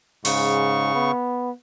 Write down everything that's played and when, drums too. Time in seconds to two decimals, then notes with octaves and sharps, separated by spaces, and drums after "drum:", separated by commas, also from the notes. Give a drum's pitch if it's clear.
0.25 G#2 C#3 C#6, drum: open hi-hat
0.95 B3